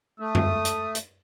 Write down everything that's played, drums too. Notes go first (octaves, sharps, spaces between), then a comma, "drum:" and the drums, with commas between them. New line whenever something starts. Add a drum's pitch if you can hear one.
A3 D#6
drum: tom F#2
drum: hi-hat
drum: hi-hat